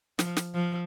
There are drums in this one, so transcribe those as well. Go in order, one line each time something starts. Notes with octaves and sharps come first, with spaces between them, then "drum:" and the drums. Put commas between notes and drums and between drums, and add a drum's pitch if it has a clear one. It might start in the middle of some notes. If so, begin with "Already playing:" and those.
F3, drum: snare
drum: snare
F3